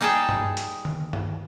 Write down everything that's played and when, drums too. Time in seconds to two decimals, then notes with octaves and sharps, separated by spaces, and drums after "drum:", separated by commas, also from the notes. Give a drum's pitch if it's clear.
0.01 G3 D#4 G#4 G5 A5
0.29 drum: tom G2
0.57 drum: hi-hat
0.85 drum: tom D3
1.13 drum: tom